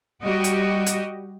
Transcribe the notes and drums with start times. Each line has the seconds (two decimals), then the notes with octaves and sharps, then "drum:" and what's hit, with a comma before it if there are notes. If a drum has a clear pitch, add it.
0.23 G3 F#4 G4 D#5
0.44 drum: hi-hat
0.86 drum: hi-hat